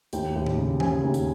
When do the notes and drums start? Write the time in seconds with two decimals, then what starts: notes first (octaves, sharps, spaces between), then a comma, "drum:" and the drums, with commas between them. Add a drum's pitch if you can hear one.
0.13 D#2 G5, drum: hi-hat
0.36 D#2
0.46 drum: tom A2
0.58 C#3
0.80 C#3 G#5, drum: tom E3
1.03 D#2
1.14 drum: hi-hat